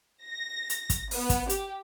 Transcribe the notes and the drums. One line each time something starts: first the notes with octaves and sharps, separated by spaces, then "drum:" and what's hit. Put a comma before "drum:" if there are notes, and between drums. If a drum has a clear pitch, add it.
A#6
drum: hi-hat
drum: kick, hi-hat
B3, drum: open hi-hat
drum: kick, hi-hat
G4, drum: hi-hat